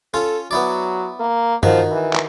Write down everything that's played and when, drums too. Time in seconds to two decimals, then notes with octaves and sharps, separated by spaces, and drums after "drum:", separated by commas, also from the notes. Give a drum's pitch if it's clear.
0.14 C#4 F4 A4
0.51 F#3 B3 E4 D5
1.20 A#3
1.63 D#3 F3 F#4, drum: tom G2
1.91 E3
2.13 drum: clap